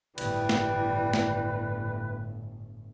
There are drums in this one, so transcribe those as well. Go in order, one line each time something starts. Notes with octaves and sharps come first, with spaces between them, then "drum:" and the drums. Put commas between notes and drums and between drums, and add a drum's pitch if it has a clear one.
G1 A2 E3 G3 B4, drum: cymbal
drum: snare
drum: snare